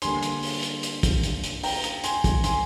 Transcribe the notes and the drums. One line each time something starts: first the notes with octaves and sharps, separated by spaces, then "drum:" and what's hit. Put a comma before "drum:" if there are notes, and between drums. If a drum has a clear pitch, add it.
D3 G3 A#3 G#5 C6, drum: hi-hat
drum: hi-hat
drum: open hi-hat
drum: hi-hat
drum: hi-hat
drum: kick, hi-hat
drum: hi-hat
drum: hi-hat
G5 A#5, drum: open hi-hat
drum: hi-hat
G#5 C6, drum: hi-hat
drum: kick, hi-hat
G#5 C6, drum: hi-hat